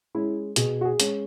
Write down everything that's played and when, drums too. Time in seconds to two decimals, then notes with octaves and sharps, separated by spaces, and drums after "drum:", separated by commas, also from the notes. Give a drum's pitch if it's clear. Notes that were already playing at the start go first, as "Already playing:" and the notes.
0.15 G#3 C#4 E4
0.56 B2 G#4, drum: hi-hat
0.81 F#4
0.85 G#4
1.00 G#3 C#4, drum: hi-hat